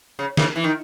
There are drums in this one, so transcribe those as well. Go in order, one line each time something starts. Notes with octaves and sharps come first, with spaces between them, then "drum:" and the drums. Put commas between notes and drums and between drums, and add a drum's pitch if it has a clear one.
C#3
C#3 E3, drum: snare
E3
D#3